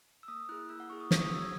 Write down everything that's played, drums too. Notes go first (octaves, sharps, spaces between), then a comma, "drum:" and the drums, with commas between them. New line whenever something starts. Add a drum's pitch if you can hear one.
E6
A#3 D#6
E4 G#4 F#6
A#3 E6
F#5
E4 G#4 C#6
D#6
B3 C#6, drum: snare
D#6
F#4 E6
G#6